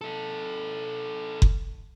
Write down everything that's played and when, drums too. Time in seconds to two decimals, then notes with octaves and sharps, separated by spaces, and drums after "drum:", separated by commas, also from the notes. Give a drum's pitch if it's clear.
0.01 D#4 A4
1.42 drum: kick F#1